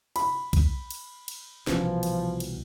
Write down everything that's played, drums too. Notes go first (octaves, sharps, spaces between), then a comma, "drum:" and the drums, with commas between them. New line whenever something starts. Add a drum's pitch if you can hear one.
B5, drum: cymbal
drum: kick B1, cymbal
drum: cymbal
drum: cymbal
C2 B2 E3 F3, drum: snare
drum: cymbal
drum: cymbal